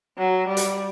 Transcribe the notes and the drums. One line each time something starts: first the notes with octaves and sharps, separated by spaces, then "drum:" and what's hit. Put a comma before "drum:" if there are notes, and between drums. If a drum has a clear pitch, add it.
F#3
G3
drum: hi-hat